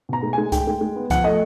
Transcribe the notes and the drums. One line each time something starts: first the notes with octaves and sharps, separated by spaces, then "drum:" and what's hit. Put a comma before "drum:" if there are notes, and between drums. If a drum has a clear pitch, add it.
B2 A#5
G#3
G#3 G#5
G#3 G5, drum: kick C2, hi-hat
G#3
G#3
B3
F3 F#5, drum: kick C2, hi-hat
A3 D#5